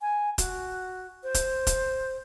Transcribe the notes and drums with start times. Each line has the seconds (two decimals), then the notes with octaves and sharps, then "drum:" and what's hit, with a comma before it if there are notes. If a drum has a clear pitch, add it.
0.01 G#5
0.38 F#4, drum: kick, hi-hat
1.23 C5
1.34 drum: kick, hi-hat
1.67 drum: kick, hi-hat